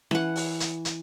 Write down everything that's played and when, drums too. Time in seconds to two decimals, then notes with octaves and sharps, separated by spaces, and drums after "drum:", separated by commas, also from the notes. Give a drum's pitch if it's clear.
0.11 E3 F#5, drum: snare C#4
0.36 drum: open hi-hat
0.60 drum: hi-hat
0.85 drum: hi-hat